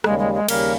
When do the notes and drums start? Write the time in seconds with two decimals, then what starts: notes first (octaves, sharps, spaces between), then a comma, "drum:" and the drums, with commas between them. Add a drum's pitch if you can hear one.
0.04 D#2 C#3 G3 G#3, drum: rim click
0.19 G#3
0.34 G#3
0.49 D#2 C#3 G3 A#3, drum: cymbal